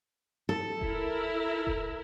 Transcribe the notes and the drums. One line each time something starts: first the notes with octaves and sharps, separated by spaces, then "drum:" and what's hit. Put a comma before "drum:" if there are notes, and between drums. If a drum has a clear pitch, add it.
A4
E4 A#4, drum: kick E1
drum: kick E1